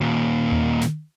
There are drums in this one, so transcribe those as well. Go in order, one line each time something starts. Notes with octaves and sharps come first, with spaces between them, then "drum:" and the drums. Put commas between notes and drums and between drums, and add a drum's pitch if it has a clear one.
D#2 A#2
drum: tom D#2
drum: snare